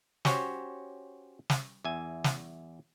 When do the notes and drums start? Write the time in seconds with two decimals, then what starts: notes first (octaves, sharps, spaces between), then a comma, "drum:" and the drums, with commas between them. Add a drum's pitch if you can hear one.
0.25 C#4 F#4 G4 C5 C#5, drum: snare
1.50 drum: snare
1.84 E2 E5 G#5
2.24 drum: snare